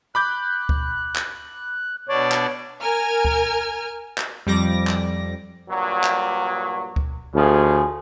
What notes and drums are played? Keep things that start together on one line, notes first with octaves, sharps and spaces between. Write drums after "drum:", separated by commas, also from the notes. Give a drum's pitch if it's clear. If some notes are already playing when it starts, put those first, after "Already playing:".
B5 D6 F#6 G6
drum: kick C#2
drum: clap
B2 D4 C#5 D5
drum: clap
A#4 G#5 F6 G#6
drum: kick C#2
drum: clap
F2 G3 D6 A#6
drum: clap
G2 A#2 F#3
drum: clap
drum: kick C#2
D2 C#3 F3 G#4